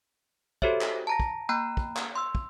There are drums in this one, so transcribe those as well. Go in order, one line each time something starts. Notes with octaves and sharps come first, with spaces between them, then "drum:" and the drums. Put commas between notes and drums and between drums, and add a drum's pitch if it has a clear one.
F#4 G4 A4 C5 C#5 E5, drum: kick
drum: clap
A5 A#5 A#6
drum: kick
A#3 G5 A#5 B5 F#6
drum: kick
drum: clap
C6 E6
drum: kick